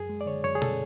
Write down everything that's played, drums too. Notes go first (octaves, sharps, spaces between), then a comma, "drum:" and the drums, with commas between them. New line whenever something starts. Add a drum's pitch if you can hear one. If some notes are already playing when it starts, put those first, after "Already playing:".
Already playing: F#2 G#4
G#3
D5
D3 C#5
F#2 C#5
G#4
A4, drum: tom B2